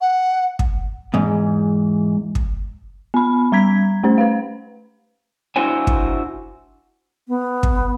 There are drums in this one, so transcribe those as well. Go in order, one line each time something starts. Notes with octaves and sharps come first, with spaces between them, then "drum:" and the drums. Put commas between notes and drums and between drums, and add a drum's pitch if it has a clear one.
F#5
drum: kick
E2 G#2
drum: kick
B3 B5
G3 A#5 G#6 B6
A3 C#4 C5
B4 F5
D4 E4 F#4 C5 C#5 G#5
drum: kick
B3
drum: kick